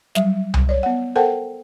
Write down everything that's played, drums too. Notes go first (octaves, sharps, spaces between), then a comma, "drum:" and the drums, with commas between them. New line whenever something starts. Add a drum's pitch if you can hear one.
F#3 G3 E5, drum: snare
drum: tom C2
C#5 D5
B3 F#5
A4 A#4 C5 F#5 G5 A5